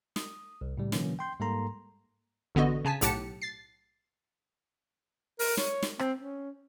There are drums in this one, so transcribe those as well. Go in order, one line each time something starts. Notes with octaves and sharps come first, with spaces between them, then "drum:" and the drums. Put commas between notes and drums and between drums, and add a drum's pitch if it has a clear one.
D#6, drum: snare
C2
A2 C#3 G3
B2 D3 E3 F#3 A#3 C#4, drum: snare
G5 C6 G6
G#2 G3 A#3 A4 A#5 C6
A1 D3 B3 F#4 D#5
C#3 G#5 A5 B6
B1 A2 G4 F#5 A5 C#7, drum: hi-hat
A6 C7
A#4, drum: open hi-hat
C#5, drum: snare
drum: snare
C4, drum: rim click
C#4